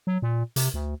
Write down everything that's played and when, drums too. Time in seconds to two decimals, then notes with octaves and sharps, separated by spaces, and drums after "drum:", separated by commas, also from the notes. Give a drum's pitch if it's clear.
0.07 F#3
0.22 A#2
0.56 C3, drum: hi-hat
0.74 D2